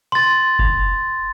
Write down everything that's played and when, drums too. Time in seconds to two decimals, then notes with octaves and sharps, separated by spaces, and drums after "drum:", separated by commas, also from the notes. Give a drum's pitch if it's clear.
0.12 C6 A6
0.59 drum: kick F1